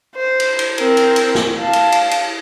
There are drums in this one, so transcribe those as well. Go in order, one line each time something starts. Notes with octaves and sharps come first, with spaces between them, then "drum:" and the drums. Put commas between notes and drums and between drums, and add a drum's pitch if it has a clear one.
C5
drum: cymbal
drum: cymbal
C4 A#4, drum: cymbal
drum: cymbal
drum: cymbal
drum: snare
F5 A5
drum: cymbal
drum: cymbal
drum: cymbal